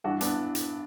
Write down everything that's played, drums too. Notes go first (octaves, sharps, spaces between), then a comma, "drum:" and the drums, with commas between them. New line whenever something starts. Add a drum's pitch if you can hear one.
G2 E3 D4 F#4
B3 D4, drum: hi-hat
drum: hi-hat